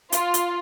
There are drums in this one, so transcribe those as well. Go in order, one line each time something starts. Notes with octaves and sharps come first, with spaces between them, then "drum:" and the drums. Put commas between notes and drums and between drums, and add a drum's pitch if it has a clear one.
F4, drum: hi-hat
drum: hi-hat